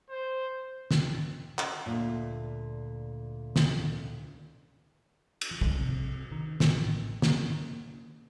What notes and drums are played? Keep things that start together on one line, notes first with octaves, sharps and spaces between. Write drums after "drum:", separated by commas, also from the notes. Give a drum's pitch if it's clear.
C5
drum: snare
drum: clap
D2 A#2
drum: snare
drum: cymbal
F3
drum: kick
C3
D#3
A1, drum: snare
A#3, drum: snare